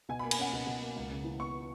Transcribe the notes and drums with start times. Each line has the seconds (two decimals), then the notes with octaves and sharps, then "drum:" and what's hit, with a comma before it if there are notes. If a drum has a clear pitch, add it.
0.09 B2 G#5
0.19 B5
0.24 A#3
0.31 G#5, drum: cymbal
0.38 C#4 F#5
0.53 B2
0.66 B2
0.81 A#3
0.96 C#2
1.11 C#3
1.24 E3
1.39 B3 C#6